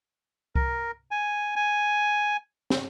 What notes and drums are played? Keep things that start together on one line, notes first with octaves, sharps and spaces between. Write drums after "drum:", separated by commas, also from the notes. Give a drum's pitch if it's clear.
A#4, drum: kick C2
G#5
G#5
drum: snare